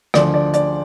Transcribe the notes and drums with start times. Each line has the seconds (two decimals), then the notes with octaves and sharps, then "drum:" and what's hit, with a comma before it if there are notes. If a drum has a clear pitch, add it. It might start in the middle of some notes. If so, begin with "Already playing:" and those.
0.14 D2 D3 F3 D5, drum: rim click
0.34 D5
0.54 D5, drum: hi-hat